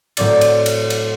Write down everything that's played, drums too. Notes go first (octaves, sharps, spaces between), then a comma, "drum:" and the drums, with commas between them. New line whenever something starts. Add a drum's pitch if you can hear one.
A2 F#3 C4 D5 A6, drum: cymbal
drum: cymbal
drum: cymbal
drum: cymbal